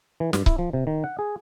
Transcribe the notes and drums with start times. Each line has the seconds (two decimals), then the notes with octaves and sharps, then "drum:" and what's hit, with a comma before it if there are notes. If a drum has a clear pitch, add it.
0.20 E3
0.33 G2, drum: snare
0.46 E4, drum: kick C#1
0.59 F3
0.73 C3
0.87 D#3
1.04 F#5
1.19 G#4